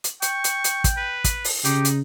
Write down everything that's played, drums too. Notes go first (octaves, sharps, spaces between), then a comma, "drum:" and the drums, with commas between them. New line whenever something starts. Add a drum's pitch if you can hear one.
drum: hi-hat
G5 C#6, drum: hi-hat
drum: hi-hat
drum: hi-hat
drum: kick, hi-hat
B4
drum: kick, hi-hat
drum: open hi-hat
C#3 D#4 G4, drum: hi-hat
drum: hi-hat